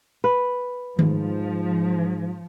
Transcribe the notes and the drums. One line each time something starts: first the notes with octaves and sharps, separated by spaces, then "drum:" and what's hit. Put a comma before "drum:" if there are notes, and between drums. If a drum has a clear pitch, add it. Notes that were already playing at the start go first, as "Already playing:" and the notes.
B4
G#2 F3, drum: tom D#3